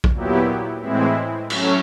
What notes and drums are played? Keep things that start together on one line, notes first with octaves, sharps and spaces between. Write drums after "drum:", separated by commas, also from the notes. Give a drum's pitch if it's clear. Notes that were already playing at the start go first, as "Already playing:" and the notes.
drum: kick A#1
A#2 F#3 B3 E4 G4
A2 E3 G#3 C4 E4
F#3 A3 C#4, drum: cymbal